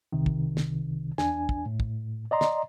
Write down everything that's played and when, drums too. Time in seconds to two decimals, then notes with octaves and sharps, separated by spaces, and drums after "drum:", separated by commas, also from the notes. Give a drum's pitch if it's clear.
0.12 C2 C3 D#3
0.26 drum: kick
0.57 drum: snare
1.18 E2 D4 G#5, drum: snare
1.49 drum: kick
1.66 A2
1.80 drum: kick
2.31 D5 D#5 A#5 C6
2.41 drum: snare